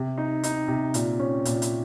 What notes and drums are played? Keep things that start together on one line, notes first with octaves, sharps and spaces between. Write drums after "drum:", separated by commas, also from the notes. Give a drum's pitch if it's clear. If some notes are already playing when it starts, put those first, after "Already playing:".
Already playing: C3
D#4
D#4, drum: hi-hat
C3
A#2, drum: hi-hat
C#4
A#2, drum: hi-hat
drum: hi-hat